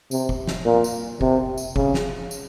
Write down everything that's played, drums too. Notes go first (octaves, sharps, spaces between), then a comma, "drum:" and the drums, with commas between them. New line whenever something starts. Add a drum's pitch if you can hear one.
C3, drum: tambourine
drum: kick F1
drum: snare
A#2
drum: tambourine
C3, drum: kick F1
drum: tambourine
C#3, drum: kick F1
drum: snare
drum: tambourine